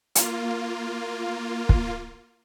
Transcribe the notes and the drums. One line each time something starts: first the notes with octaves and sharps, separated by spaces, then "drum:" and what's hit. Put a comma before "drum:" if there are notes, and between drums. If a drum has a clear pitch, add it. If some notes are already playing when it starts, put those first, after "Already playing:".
A#3 F4, drum: hi-hat
drum: kick